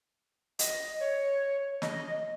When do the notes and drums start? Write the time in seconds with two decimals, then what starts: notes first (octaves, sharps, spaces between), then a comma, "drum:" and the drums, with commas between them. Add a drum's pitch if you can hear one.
0.59 D#5, drum: hi-hat
1.00 C#5
1.82 D#5, drum: snare